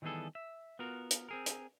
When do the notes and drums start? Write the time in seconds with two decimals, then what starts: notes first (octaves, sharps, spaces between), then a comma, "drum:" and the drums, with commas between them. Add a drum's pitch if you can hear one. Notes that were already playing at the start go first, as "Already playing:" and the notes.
0.02 D#3 E3 G3 B3 G#4 A4
0.35 E5
0.79 B3 F4 F#4 A#4
1.11 drum: hi-hat
1.29 C4 G#4 A#4
1.46 drum: hi-hat